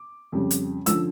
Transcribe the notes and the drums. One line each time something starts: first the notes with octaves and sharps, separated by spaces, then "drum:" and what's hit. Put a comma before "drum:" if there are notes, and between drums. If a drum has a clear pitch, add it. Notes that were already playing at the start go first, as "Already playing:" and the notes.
Already playing: D6
F2 C#3 G3
drum: hi-hat
D3 F3 C#4 E6, drum: hi-hat